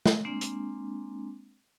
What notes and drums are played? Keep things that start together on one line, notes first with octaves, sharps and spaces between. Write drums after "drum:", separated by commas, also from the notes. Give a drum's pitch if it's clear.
drum: snare
G#3 A#3 C4 D4
drum: hi-hat